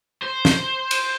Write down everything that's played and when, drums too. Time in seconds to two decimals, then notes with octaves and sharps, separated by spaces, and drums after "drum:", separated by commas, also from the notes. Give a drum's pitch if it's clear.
0.22 C5
0.45 drum: snare
0.91 drum: cymbal